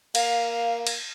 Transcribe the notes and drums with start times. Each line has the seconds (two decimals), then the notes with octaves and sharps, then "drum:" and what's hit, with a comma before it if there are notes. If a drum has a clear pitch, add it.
0.15 A#3 F5, drum: cymbal
0.87 drum: cymbal